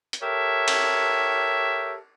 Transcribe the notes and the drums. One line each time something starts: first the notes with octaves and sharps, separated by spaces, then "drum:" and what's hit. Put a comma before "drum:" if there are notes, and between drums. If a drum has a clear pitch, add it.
drum: hi-hat
G4 A4 A#4 C#5 E5
drum: cymbal